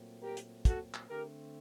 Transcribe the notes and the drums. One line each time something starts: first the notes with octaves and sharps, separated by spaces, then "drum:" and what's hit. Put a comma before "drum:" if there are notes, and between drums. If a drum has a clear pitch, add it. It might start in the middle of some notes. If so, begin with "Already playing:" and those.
Already playing: A#2 F#3 A3 C4
G4 A#4
drum: hi-hat
F#4 A4, drum: kick, hi-hat
drum: clap
D3 A3 C4 G4 A#4